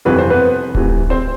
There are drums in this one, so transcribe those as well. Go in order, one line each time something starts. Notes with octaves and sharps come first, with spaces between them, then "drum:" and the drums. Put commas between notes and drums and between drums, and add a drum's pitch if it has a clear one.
G1 F2 C3 E3 B4
C5
B3 B4
D2 C3 E3, drum: kick D1
C4 C5